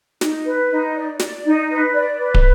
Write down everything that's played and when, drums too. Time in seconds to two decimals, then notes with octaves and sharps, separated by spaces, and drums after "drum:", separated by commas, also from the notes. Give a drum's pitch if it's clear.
0.21 D#4, drum: snare
0.46 B4
0.71 D#4
0.95 D5
1.20 D5, drum: snare
1.44 D#4
1.69 B4
1.94 D5
2.18 B4
2.34 drum: kick